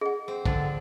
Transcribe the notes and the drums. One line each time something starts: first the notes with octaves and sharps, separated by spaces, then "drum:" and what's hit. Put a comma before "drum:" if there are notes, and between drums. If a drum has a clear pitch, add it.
G#4 D#5 F#5
C4
D3 F3 D4, drum: kick